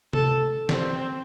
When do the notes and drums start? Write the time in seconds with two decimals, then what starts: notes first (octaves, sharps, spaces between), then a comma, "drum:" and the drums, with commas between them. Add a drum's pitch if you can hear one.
0.13 A4, drum: tom C3
0.69 C4, drum: snare